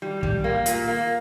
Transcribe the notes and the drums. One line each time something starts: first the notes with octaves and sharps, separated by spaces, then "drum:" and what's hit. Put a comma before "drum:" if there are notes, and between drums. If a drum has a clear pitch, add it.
G3
G3, drum: kick
A#3
A#2, drum: hi-hat
A#3